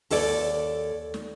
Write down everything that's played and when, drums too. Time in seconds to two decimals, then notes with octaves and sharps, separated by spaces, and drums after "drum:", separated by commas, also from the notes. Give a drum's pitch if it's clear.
0.10 D#2 A4 C#5 D5, drum: open hi-hat
1.14 drum: snare